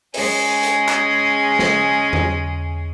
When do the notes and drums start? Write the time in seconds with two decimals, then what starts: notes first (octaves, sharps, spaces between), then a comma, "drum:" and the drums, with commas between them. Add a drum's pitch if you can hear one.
0.14 G#3 C#4 G#4, drum: open hi-hat
0.63 drum: hi-hat
0.89 drum: clap
1.59 drum: snare
2.13 drum: tom E2